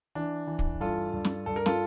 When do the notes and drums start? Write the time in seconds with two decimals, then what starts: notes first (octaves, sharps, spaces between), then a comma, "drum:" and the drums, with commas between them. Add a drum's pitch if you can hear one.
0.15 E3 D4
0.47 E3
0.59 drum: kick
0.80 G2 F4 A4
1.13 G2
1.25 drum: snare
1.46 G2 A4
1.56 A#4
1.66 F4 A4, drum: snare